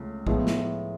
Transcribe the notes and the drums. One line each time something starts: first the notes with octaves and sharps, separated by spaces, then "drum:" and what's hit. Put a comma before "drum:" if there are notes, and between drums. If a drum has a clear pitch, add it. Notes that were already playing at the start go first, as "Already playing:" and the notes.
Already playing: C#2 A3 C#4
A2 F3 G#3 B3, drum: kick
drum: snare